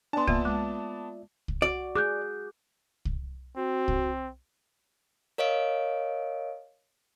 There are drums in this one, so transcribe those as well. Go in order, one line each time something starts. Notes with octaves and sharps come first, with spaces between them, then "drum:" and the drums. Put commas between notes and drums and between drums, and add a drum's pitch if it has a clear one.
B3 D4 D5 G#5 A5 C6
A#3 F4 D5 E5, drum: kick C2
G#3 D6
drum: kick C2
F#4 D5
G#4 D6 F#6 G6
drum: kick C2
C4 F#4
drum: kick C2
A#4 C#5 D#5 F5 D7